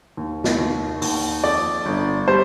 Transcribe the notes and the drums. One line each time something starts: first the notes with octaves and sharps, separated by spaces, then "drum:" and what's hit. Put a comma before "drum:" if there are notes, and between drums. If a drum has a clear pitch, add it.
D#2
drum: snare
D#2
D#2, drum: open hi-hat
F2 D5
G1
G3 C5